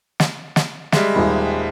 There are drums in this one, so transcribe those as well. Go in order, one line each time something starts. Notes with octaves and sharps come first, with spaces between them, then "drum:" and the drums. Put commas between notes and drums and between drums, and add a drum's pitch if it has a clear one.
drum: snare
drum: snare
G3 G#3 E5, drum: snare
D#1 D#3 B5